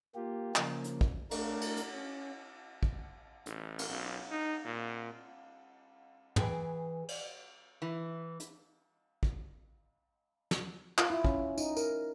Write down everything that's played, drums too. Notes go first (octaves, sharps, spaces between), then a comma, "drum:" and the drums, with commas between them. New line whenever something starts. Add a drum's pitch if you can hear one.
A#3 F4 G4
C#3 F3 A#3, drum: clap
drum: hi-hat
drum: kick A1
A3 D4 A#4, drum: cymbal
drum: cymbal
drum: hi-hat
C#4
drum: kick A1
A1, drum: hi-hat
drum: cymbal
B1
D#4
A#2
E3 G#4 G5, drum: tom
drum: cymbal
E3
drum: hi-hat
drum: kick A1
drum: snare
F4, drum: clap
E4
C#4, drum: kick A1
D#4, drum: tambourine
A#4, drum: tambourine